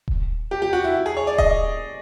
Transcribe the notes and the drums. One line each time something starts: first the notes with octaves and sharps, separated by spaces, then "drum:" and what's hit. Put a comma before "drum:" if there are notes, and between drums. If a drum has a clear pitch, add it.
drum: kick D#1
G4
G4
F#4
E4
G#4
C#5
D5
D#5, drum: kick D#1